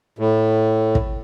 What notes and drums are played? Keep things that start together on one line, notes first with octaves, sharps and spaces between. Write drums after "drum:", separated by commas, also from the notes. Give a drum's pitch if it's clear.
A2
drum: kick